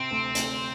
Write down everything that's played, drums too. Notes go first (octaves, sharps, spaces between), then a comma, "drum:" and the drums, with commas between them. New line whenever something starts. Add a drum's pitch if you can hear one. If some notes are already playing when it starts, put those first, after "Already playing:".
Already playing: C3 C4
D2
D2, drum: hi-hat